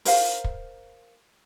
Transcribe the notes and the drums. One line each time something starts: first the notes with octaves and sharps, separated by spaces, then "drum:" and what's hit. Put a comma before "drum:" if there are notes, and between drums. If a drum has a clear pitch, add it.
A#4 C5 F5, drum: open hi-hat
drum: kick